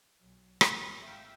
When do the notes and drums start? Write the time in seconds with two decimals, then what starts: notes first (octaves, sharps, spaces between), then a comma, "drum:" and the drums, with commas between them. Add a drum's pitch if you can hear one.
0.20 B1 F#3
0.61 G#1, drum: rim click
1.03 E5 F5 G5